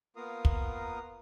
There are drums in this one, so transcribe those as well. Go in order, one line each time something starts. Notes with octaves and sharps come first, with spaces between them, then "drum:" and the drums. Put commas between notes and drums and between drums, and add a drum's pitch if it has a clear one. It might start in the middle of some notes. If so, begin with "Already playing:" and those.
A#3 B3 F4 A#4 F5 D#6
drum: kick